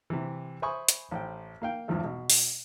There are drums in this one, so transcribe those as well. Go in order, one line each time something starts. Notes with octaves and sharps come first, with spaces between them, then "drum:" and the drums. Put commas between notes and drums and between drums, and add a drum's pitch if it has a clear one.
C3 E3
C5 E5 G#5 B5 C#6 D#6
drum: hi-hat
A1 C5 G5
A#3 F5 G5
G#1 E2 G2 E3 F3 E5
B2
drum: open hi-hat